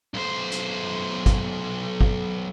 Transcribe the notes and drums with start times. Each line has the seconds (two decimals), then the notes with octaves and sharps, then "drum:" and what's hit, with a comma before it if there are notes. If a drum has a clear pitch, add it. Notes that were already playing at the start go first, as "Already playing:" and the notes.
0.14 B1 C5
0.52 drum: hi-hat
1.26 drum: kick, hi-hat
2.01 drum: kick